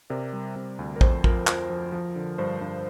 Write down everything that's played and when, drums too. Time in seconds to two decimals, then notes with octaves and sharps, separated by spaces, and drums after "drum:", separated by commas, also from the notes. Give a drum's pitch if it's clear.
0.10 C3 A#4 D5
0.33 G3
0.56 C3
0.79 D2
0.96 A#4
1.01 F2 C5, drum: kick
1.24 F3 A#4, drum: kick
1.47 F3, drum: clap
1.70 F3
1.92 F3
2.16 D3
2.38 G2 C5
2.61 G2